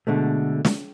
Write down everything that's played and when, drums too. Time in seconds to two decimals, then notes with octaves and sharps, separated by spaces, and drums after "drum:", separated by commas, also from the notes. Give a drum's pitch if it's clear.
0.07 B2 D3 G#3 A3
0.65 drum: snare